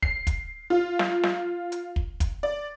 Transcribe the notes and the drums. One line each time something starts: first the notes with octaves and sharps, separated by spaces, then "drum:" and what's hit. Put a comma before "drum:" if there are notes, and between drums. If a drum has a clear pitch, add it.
C7, drum: kick
drum: kick, hi-hat
F4
drum: snare
drum: snare
drum: hi-hat
drum: kick
drum: kick, hi-hat
D5